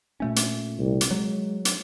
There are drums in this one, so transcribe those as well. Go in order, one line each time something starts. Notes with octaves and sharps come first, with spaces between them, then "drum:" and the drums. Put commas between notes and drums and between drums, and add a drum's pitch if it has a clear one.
A#2 A3 C#4
drum: hi-hat
C2
drum: hi-hat
F#3 G#3
drum: hi-hat